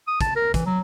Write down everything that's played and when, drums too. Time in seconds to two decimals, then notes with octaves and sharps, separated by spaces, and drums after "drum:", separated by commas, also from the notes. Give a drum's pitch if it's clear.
0.08 D#6
0.21 A5, drum: kick, hi-hat
0.36 A#4
0.54 E3, drum: kick, hi-hat
0.66 F#3